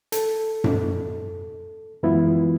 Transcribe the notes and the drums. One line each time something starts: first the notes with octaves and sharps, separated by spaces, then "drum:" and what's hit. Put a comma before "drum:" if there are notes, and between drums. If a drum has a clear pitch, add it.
A4, drum: hi-hat
drum: tom F#2
F#2 E3 G#3 B3 E4 F4